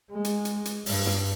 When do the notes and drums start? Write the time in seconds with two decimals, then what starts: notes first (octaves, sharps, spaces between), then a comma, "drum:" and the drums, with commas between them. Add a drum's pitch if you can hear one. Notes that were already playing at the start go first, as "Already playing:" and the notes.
0.11 G#3
0.25 drum: hi-hat
0.45 drum: hi-hat
0.65 drum: hi-hat
0.86 G2, drum: open hi-hat
1.06 drum: snare